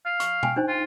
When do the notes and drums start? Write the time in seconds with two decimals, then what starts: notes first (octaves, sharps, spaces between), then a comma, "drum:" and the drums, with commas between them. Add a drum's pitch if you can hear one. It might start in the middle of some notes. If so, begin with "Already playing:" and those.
0.06 F5
0.20 C#6, drum: hi-hat
0.43 G5 G#5, drum: tom B2
0.56 D4 D#4 C5
0.68 F4